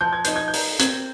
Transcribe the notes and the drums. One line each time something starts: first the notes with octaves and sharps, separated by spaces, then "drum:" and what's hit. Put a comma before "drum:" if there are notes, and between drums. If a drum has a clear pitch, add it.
F3 G6
G#6
D#4 G6, drum: hi-hat
G#6
G6
A#4, drum: open hi-hat
C4 G#6, drum: hi-hat